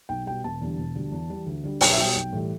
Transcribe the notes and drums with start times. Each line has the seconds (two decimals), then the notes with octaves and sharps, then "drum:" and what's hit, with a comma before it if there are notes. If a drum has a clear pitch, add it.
0.09 B1 G5
0.26 B2 G3 G5
0.44 E1 A5
0.61 E2 D3 G3
0.78 E1
0.95 D2 D3 G3
1.12 E2
1.30 E3 G3
1.46 D2
1.63 D3 G3
1.81 B1 G5, drum: open hi-hat
1.91 E5
1.98 B2 G3 G5
2.16 B1
2.33 A2 E3 G3